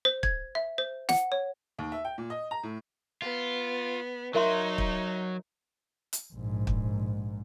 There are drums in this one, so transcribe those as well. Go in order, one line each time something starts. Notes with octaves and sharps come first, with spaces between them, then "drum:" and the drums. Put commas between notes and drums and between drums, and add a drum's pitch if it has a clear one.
C5
G#6, drum: kick
E5
C5
F#5, drum: snare
C#5
D#2
E5
G5
A#2
D#5
A#5
A2
B3 F4
F#3 D#4 A#4 E5 C6
drum: kick
drum: hi-hat
A#1 G#2
drum: kick